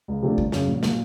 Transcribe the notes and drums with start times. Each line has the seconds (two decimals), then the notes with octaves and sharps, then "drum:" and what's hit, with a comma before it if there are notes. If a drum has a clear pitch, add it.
0.08 C#2
0.22 C3 F3 A3 D4
0.38 G1, drum: kick
0.52 F#2 C#3, drum: snare
0.68 A#1
0.83 A#2 F#3, drum: snare